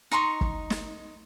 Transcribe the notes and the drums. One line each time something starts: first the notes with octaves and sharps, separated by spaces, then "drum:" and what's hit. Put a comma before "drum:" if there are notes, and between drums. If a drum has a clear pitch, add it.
D#4 A#5 C6 C#6
drum: kick G1
drum: snare